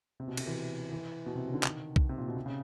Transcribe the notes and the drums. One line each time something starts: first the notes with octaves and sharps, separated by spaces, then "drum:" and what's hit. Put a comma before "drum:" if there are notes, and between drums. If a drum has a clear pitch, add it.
C3
B2
C3, drum: cymbal
E3
E3
B2
C3
C#3
D3
D#3, drum: clap
drum: kick B1
C3
A#2
B2
C3
C#3